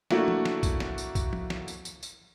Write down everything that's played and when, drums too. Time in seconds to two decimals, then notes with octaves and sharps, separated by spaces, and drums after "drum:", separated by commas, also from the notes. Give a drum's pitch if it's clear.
0.11 A3 A#3 D4 E4 F#4, drum: snare
0.28 drum: tom
0.45 drum: snare
0.63 drum: kick, tambourine
0.80 drum: snare
0.98 drum: tambourine
1.15 drum: kick, tambourine
1.33 drum: tom
1.50 drum: snare
1.68 drum: tambourine
1.85 drum: tambourine
2.03 drum: tambourine